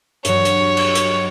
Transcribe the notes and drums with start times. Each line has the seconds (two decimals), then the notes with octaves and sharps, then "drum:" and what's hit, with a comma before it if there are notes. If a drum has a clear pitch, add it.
0.25 G2 F#3 C#5, drum: hi-hat
0.45 drum: hi-hat
0.77 drum: cymbal
0.95 drum: hi-hat